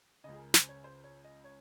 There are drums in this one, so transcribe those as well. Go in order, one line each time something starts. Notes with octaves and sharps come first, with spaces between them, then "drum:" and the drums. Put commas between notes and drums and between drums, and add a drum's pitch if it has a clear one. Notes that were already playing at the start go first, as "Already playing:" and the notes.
C#2 C#3 D#5
G#4
A#4
C5, drum: snare
C#5
C5
C#5
D#5
C#5